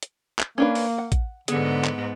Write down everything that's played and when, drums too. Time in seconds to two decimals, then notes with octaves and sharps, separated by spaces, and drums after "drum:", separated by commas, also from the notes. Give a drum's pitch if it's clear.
0.03 drum: hi-hat
0.39 drum: clap
0.58 A#3 C#4 D4 B4
0.75 drum: open hi-hat
0.98 F#5
1.12 drum: kick, hi-hat
1.48 G#2 D3 B3 G#4, drum: hi-hat
1.84 drum: clap